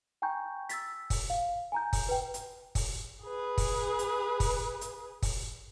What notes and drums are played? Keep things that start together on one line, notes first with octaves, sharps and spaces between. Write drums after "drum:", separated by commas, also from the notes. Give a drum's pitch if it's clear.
G5 G#5 A#5 C#6 G6
E6 A6 B6, drum: hi-hat
drum: kick, open hi-hat
F5
G#5 A#5 G6
drum: kick, open hi-hat
B4 G5
drum: hi-hat
drum: kick, open hi-hat
G#4 B4
drum: kick, open hi-hat
drum: hi-hat
drum: kick, open hi-hat
drum: hi-hat
drum: kick, open hi-hat